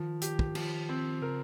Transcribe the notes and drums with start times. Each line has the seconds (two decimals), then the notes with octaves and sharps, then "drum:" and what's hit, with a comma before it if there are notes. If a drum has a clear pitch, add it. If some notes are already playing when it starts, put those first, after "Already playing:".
Already playing: D#3 F3
0.22 G4, drum: hi-hat
0.39 drum: kick
0.55 F3, drum: cymbal
0.89 C4
1.22 C#3 A#4